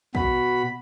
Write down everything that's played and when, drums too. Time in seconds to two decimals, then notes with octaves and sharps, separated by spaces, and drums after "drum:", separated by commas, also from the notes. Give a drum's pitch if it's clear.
0.15 B2 F#4 B5, drum: kick